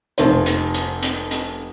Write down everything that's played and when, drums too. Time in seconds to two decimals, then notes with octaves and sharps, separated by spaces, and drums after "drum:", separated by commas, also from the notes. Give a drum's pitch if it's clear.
0.18 F1 C5, drum: hi-hat
0.46 drum: hi-hat
0.74 drum: hi-hat
1.03 drum: hi-hat
1.31 drum: hi-hat